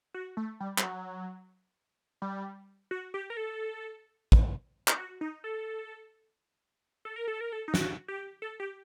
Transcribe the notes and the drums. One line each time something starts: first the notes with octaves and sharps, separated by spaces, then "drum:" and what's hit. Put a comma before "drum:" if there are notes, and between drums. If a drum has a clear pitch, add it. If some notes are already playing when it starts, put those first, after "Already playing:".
F#4
A3
G3
G3, drum: clap
F#3
G3
F#4
G4
A#4
A4
drum: kick
D#4, drum: clap
F#4
D#4
A4
A4
A#4
A4
A#4
A4
D#4
F#4, drum: snare
G4
A4
G4